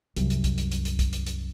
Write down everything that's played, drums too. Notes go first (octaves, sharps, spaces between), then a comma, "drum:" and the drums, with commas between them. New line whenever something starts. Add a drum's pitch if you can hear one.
C2 F#2, drum: hi-hat
drum: hi-hat
drum: kick, hi-hat
drum: hi-hat
drum: hi-hat
drum: hi-hat
drum: kick, hi-hat
drum: hi-hat
drum: hi-hat